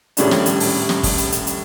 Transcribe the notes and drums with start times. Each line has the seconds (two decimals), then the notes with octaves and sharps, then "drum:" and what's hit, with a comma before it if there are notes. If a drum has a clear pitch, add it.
0.17 D#1 A2 G3 C#4 D4, drum: hi-hat
0.31 drum: snare
0.46 drum: hi-hat
0.60 drum: open hi-hat
0.89 drum: snare
1.03 drum: kick, open hi-hat
1.18 drum: hi-hat
1.32 drum: hi-hat
1.47 drum: hi-hat